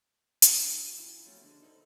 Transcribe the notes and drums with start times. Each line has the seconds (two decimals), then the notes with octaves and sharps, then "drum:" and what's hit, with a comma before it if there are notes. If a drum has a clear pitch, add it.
0.42 C#2 D3 D#5, drum: hi-hat
0.59 C#4 D4 F#4
0.97 C#2 C#3 E4 F4
1.26 F3 F#3 A3 B3 C#4
1.42 D3 G#3 D4
1.62 D#4 A4 B4 C5 D#5 E5